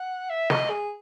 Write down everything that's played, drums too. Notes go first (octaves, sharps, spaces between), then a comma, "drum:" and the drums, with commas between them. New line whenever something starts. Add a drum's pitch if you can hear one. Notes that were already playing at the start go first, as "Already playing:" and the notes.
Already playing: F#5
E5
D#5, drum: snare
G#4